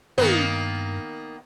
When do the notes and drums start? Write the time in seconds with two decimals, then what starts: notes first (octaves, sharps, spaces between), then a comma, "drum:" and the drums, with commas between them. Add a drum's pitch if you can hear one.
0.18 G2 D#3 A#3 B3, drum: tom